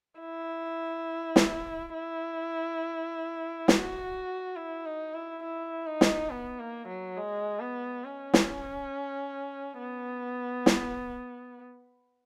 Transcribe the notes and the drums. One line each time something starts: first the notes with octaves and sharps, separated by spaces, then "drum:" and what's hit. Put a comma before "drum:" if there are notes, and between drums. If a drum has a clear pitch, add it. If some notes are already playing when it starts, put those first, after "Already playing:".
E4
drum: snare
E4
F#4, drum: snare
E4
D#4
E4
E4
D#4
drum: snare
B3
A#3
F#3
G#3
B3
C#4
drum: snare
B3
drum: snare